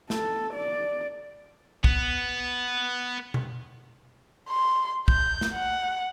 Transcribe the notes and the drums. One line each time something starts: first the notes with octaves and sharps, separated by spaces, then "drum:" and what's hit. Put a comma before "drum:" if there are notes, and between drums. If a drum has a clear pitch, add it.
A4, drum: snare
D5
B3, drum: kick
drum: tom B2
C6
G6, drum: kick
drum: snare
F#5